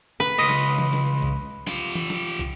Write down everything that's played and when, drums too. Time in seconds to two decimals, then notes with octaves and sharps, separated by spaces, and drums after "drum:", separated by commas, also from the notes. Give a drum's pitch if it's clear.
0.20 B4
0.38 C#2 D#5
0.49 drum: snare
0.78 drum: tom E3
0.93 drum: snare
1.22 drum: kick
1.67 F4 G4, drum: snare
1.95 drum: tom E3
2.10 drum: snare
2.39 drum: kick